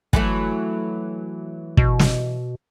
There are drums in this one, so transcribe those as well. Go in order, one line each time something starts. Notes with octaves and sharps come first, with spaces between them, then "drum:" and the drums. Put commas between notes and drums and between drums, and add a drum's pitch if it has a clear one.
E3 F#3 A3, drum: kick
B2, drum: kick
drum: snare